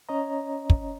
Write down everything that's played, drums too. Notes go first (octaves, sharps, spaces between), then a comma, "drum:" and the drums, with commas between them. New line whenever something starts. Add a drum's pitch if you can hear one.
C#4 C#5 D#5 A#5
drum: kick